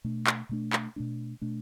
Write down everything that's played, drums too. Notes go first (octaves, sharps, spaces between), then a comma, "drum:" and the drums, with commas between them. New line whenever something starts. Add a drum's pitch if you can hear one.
B2 A3 D4
drum: clap
B2 A3 D4
drum: clap
B2 A3 D4
B2 A3 D4